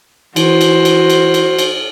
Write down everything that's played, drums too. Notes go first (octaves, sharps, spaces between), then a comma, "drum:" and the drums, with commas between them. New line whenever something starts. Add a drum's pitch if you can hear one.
E3 F#4 C5, drum: cymbal
drum: cymbal
drum: cymbal
drum: cymbal
drum: cymbal
drum: cymbal